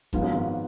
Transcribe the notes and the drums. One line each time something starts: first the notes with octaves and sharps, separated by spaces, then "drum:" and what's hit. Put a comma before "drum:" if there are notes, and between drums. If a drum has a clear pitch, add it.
G#2 F3 B3 F4, drum: kick F1
F#2
G#1 G#2